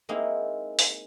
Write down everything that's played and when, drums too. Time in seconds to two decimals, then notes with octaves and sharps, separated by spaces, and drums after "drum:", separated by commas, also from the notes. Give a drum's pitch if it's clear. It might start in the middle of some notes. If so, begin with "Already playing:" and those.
0.09 G#3 A#3 C4 D#4 E4
0.79 drum: open hi-hat